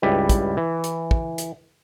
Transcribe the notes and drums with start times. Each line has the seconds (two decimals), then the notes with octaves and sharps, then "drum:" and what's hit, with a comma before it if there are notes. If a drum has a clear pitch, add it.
0.02 C#2 G2 G3 E4 B4
0.29 drum: kick, hi-hat
0.57 E3
0.84 drum: hi-hat
1.11 drum: kick
1.38 drum: hi-hat